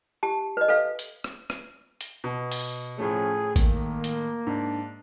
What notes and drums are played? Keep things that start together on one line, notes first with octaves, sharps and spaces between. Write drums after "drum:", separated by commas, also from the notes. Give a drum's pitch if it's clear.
G4 A5
B4 D#5
A4 B4 F5
drum: hi-hat
drum: rim click
drum: rim click
drum: hi-hat
B2
drum: open hi-hat
A2 F3 A3 C#4 G#4
D#3 A#3, drum: kick, hi-hat
drum: hi-hat
G#2 D4